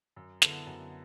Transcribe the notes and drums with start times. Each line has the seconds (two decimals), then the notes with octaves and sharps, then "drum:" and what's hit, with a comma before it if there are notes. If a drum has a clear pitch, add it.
0.16 F#2
0.42 D3 B3 E4 A4, drum: snare
0.67 F#2